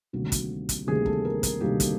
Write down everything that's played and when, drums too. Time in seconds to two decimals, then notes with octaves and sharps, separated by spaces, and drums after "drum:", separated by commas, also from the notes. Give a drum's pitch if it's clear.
0.13 D2 C3 D#3 G3 A#3 F#4
0.32 drum: kick, hi-hat
0.69 drum: kick, hi-hat
0.87 D2 C3 D#3 G3 A#3 G#4
1.06 A4, drum: kick
1.25 A#4
1.43 A#4, drum: kick, hi-hat
1.61 D2 C3 D#3 G3 A#3 G4
1.80 drum: kick, hi-hat